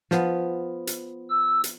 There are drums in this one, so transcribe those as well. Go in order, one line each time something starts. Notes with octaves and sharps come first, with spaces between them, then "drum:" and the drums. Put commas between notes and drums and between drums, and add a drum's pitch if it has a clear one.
F3 B3, drum: snare
drum: hi-hat
E6
drum: hi-hat